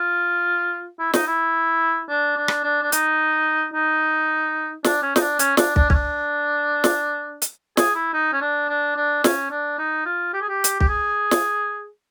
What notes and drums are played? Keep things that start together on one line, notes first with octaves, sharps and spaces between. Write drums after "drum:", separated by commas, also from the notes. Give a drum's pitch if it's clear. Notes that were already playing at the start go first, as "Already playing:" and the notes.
Already playing: F4
E4
D#4, drum: snare
E4
D4
D4
drum: rim click
D4
D4
D#4, drum: hi-hat
D#4
D4, drum: snare
C#4
D#4, drum: snare
D4
C#4, drum: hi-hat
D4, drum: snare
D4, drum: kick
C#4, drum: kick
D4
drum: snare
drum: hi-hat
G#4, drum: snare
E4
D#4
C#4
D4
D4
D4
C#4, drum: snare
D4
D#4
F4
G4
G#4
G4
drum: hi-hat
G4, drum: kick
G#4
drum: snare